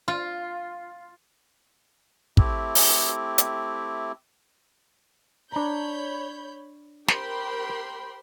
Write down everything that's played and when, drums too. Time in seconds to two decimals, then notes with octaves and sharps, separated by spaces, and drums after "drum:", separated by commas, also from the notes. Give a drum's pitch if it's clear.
0.08 F4
2.37 A3 C4 E4 G4, drum: kick
2.75 drum: open hi-hat
3.38 drum: hi-hat
5.52 D4 C#5 A#5 B5 G6
7.08 G4 A#4 C5 G5 B5 C6, drum: snare